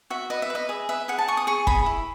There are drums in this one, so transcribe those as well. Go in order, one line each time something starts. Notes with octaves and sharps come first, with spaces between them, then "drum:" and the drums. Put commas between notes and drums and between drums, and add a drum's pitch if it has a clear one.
F#4 E5
B4 D#5
E5
B4 D#5
G#4 E5
B4 E5
G#4 F#5
A5
G#4 C#6
D#6
G#4 C#6
G#4 B5, drum: kick F1
E4